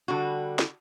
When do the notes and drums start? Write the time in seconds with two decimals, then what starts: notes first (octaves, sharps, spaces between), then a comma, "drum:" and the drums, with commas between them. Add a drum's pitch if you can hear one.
0.08 D3 G3 F#4
0.59 drum: snare